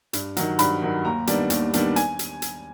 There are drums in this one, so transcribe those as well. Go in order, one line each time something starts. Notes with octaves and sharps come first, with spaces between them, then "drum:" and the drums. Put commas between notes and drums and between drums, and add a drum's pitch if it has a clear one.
G2, drum: hi-hat
D#3 F#3, drum: hi-hat
G2 B5, drum: hi-hat
D#3 F#3
D#2 A#5
D#3 G3 B3 D4, drum: hi-hat
D#2, drum: hi-hat
D#3 G3 B3 D4, drum: hi-hat
G#5, drum: hi-hat
drum: hi-hat
drum: hi-hat